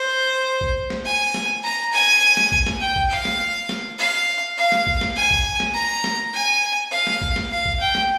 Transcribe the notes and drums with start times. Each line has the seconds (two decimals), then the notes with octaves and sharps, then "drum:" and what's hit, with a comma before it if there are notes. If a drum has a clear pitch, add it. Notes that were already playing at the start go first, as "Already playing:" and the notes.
Already playing: C5
0.61 drum: kick
0.90 drum: snare
1.06 G#5
1.34 drum: snare
1.63 A#5
1.93 G#5
2.37 drum: snare
2.52 drum: kick
2.66 drum: snare
2.81 G5
2.96 drum: kick
3.10 F5
3.25 drum: snare
3.69 drum: snare
3.99 F5
4.58 F5
4.72 drum: snare
4.87 drum: kick
5.01 drum: snare
5.16 G#5
5.31 drum: kick
5.60 drum: snare
5.74 A#5
6.04 drum: snare
6.33 G#5
6.92 F5
7.07 drum: snare
7.21 drum: kick
7.36 drum: snare
7.51 F5
7.65 drum: kick
7.80 G5
7.95 drum: snare